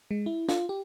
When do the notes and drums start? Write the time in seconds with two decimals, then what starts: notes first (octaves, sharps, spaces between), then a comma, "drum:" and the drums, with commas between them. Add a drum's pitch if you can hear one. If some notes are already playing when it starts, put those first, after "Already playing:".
0.11 G#3
0.26 E4
0.49 F4, drum: snare
0.69 G4